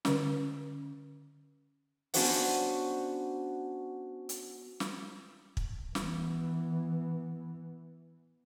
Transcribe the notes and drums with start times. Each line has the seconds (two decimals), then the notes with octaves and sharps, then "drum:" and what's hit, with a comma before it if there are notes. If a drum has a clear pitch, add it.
0.05 D3 C#4, drum: snare
2.14 B3 C#4 D4 F#4 C5 F#5, drum: open hi-hat
4.29 drum: hi-hat
4.80 drum: snare
5.57 drum: kick
5.95 E3 B3, drum: snare